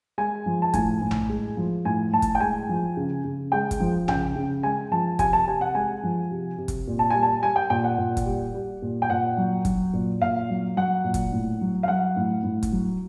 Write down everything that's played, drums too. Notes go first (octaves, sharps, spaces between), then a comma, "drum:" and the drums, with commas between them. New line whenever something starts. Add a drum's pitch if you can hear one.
G#3 G#5
F3
A5
A2 G#5, drum: kick, hi-hat
A2
drum: tom A#1
G#3
F3
A2 G#5
A2 A5
drum: kick, hi-hat
G5
G#3 G#5
F3
C#3
C#3
G#3 G5
drum: kick, hi-hat
F3
C#3 G5, drum: tom A#1
C#3
G#3 G#5
F3 A5
C3 G#5, drum: kick, hi-hat
A5
C3 G#5
F#5
G#3 G#5
F3
C3
C3
drum: kick, hi-hat
A#2
A5
G3 G#5
A5
G3 G#5
G5
A#2 G5
F#5
A#2
drum: kick, hi-hat
G3
G3
A#2
G5
A#2 F#5
F#3
F#3, drum: kick, hi-hat
A#2
A#2 F5
F#3
F#3 F#5
A#2
drum: kick, hi-hat
A2
F#3
F5
F#3 F#5
A2
A2
drum: kick, hi-hat
F#3